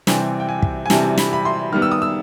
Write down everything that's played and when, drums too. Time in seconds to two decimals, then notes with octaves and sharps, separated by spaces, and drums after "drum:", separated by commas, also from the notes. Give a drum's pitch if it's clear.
0.07 C3 E3 G3 C4 G#5, drum: snare
0.40 G5
0.49 G#5
0.62 drum: kick
0.86 G#5
0.90 C3 E3 G3 C4 A5, drum: snare
1.18 B5, drum: snare
1.33 B5
1.45 C6
1.72 D#3 G3 B3 F6
1.82 E6
1.92 D#6
2.02 E6